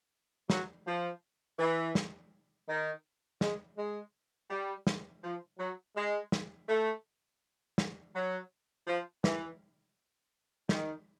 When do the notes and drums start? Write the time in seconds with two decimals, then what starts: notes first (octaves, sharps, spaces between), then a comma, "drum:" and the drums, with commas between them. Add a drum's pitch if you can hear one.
0.50 F#3, drum: snare
0.86 F3
1.59 E3
1.95 drum: snare
2.69 D#3
3.41 G#3, drum: snare
3.77 G#3
4.50 G3
4.87 drum: snare
5.23 F3
5.59 F#3
5.96 G#3
6.32 drum: snare
6.68 A3
7.78 drum: snare
8.15 F#3
8.87 F3
9.24 E3, drum: snare
10.69 D#3, drum: snare